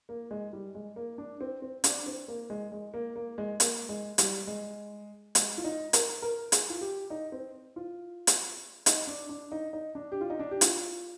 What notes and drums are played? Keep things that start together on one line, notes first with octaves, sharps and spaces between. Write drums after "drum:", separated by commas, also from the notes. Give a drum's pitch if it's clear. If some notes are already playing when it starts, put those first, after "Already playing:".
A#3
G#3
G3
G#3
A#3
D4
C4
C4
D4, drum: hi-hat
C4
A#3
G#3
G#3
A#3
A#3
G#3
A#3, drum: hi-hat
G#3
G3, drum: hi-hat
G#3
G#3, drum: hi-hat
F4
D#4
A#4, drum: hi-hat
A#4
G#4, drum: hi-hat
F4
G4
D#4
C4
F4
drum: hi-hat
D#4, drum: hi-hat
D4
D4
D#4
D#4
D4
G4
F4
D#4
D4
G4
F4, drum: hi-hat